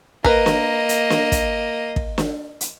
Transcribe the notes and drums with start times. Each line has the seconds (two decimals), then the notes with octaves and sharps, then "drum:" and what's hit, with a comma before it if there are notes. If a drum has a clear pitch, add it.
0.24 A#3 A#4 B4 D#5, drum: kick
0.46 drum: snare
0.89 drum: hi-hat
1.10 drum: snare
1.32 drum: kick, hi-hat
1.96 drum: kick
2.18 drum: snare
2.61 drum: hi-hat